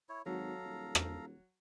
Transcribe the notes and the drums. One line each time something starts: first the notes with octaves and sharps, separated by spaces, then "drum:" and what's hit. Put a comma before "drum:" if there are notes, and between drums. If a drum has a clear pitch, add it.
E4 C#5
G#1 F#3 A4 F5 A#5
D#1
drum: rim click